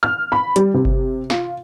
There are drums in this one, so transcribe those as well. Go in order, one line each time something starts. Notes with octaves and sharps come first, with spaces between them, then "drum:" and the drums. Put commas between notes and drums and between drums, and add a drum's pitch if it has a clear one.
F6
B5
G3, drum: hi-hat
C3
drum: kick G1
F4, drum: snare